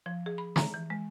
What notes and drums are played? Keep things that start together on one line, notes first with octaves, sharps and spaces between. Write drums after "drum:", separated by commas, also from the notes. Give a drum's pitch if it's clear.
F3
G#4
B5
A#5, drum: snare
E3
G#3